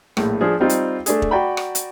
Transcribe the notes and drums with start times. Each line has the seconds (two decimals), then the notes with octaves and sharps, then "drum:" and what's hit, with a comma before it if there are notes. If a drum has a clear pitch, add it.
0.17 A#1 A2, drum: rim click
0.41 F3 D4 G#4
0.60 G3 C4 D#4 F4
0.69 drum: hi-hat
1.06 A3 D4 G#4, drum: hi-hat
1.22 drum: kick
1.31 F#4 D5 G5 A#5 B5
1.57 drum: rim click
1.75 drum: hi-hat